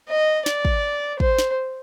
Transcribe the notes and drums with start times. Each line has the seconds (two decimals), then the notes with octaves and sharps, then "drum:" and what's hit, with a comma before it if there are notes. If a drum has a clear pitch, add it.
0.09 D#5
0.46 D5, drum: snare
0.65 drum: kick
1.20 C5, drum: kick
1.39 drum: snare